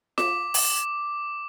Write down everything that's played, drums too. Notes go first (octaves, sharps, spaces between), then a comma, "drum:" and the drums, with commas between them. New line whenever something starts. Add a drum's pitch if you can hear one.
D6, drum: snare F4
drum: open hi-hat